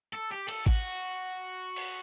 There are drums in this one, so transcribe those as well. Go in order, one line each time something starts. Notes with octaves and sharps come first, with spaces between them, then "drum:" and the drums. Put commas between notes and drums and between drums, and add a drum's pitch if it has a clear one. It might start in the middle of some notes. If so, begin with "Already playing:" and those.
A4
G4
A4, drum: cymbal
F#4, drum: kick G#1
drum: cymbal